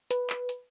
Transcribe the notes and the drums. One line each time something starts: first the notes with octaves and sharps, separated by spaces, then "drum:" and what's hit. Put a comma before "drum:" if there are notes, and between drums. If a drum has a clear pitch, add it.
B4, drum: hi-hat
drum: clap
drum: hi-hat